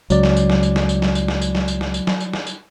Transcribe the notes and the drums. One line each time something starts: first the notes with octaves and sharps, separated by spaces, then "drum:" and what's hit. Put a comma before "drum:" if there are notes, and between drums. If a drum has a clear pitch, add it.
C#2 F#3 D5, drum: tambourine
drum: snare
drum: tambourine
drum: snare
drum: tambourine
drum: snare
drum: tambourine
drum: snare
drum: tambourine
drum: snare
drum: tambourine
drum: snare
drum: tambourine
drum: snare
drum: tambourine
drum: snare
drum: tambourine
drum: snare
drum: tambourine